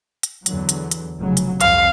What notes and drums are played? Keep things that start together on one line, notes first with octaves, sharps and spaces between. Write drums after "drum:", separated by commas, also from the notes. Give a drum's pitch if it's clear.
drum: hi-hat
E2 D3 F#3, drum: hi-hat
drum: hi-hat
drum: hi-hat
F1 C#3 F#3
drum: hi-hat
G1 C2 F2 F5, drum: hi-hat